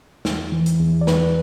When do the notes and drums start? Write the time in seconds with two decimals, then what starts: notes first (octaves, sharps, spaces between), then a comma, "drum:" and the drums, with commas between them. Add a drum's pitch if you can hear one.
0.25 E2, drum: snare
0.52 E3
0.66 drum: hi-hat
0.79 E2
1.01 D5
1.07 E2 B4, drum: snare